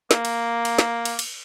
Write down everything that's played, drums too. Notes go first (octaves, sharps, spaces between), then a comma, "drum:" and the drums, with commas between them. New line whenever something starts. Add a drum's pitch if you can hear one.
A#3, drum: snare
drum: cymbal
drum: cymbal
drum: snare
drum: cymbal
drum: cymbal